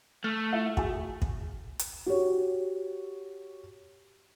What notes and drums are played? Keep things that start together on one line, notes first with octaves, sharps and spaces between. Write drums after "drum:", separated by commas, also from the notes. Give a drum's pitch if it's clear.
A3 F6
E4 F4 E5
F#4 G#4, drum: kick
drum: kick
drum: hi-hat
F#4 G4 C#5